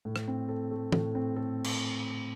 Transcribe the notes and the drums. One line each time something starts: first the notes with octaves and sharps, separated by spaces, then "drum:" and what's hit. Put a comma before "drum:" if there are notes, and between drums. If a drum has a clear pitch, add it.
A2
drum: rim click
C4
A4
A3
A2, drum: tom
C4
A4
drum: cymbal